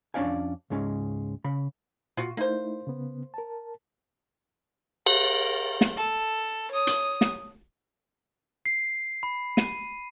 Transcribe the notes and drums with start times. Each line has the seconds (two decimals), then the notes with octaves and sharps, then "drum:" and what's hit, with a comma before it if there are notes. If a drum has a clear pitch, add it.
0.14 F2 C#4 D4 D5 F5 G#5
0.70 C#2 G#2 G#3 C#4
1.44 C#3 B5
2.17 A#2 F4 F#4
2.37 A3 A#3 D#4 E4 C5
2.87 C#3 B3
3.34 A#4 A5
5.06 A#4, drum: cymbal
5.81 drum: snare
5.97 A4
6.71 C#5 D#6
6.87 drum: hi-hat
7.21 drum: snare
8.66 C7
9.23 B5
9.57 D#7, drum: snare